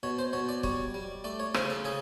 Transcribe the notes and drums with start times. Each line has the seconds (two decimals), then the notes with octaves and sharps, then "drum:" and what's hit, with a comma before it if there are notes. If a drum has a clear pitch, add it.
0.03 B2 C#5
0.19 C5
0.33 B2 C#5
0.49 D5
0.63 G3 C#5, drum: kick
0.94 G3
1.24 A3 D5
1.40 C#5
1.54 C#3 C5, drum: rim click
1.70 A4
1.85 C#3 G#4